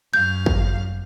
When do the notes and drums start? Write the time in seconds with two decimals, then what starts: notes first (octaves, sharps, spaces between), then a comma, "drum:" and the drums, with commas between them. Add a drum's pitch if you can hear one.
0.14 F#2 F5 G6
0.46 drum: kick